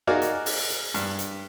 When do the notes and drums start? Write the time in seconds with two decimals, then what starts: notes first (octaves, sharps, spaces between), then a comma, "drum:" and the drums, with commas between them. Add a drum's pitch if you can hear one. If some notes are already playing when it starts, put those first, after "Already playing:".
0.07 D#4 F#4 G#4 A#4 D5 F5
0.22 drum: hi-hat
0.46 drum: open hi-hat
0.70 drum: hi-hat
0.94 G2, drum: hi-hat
1.19 drum: hi-hat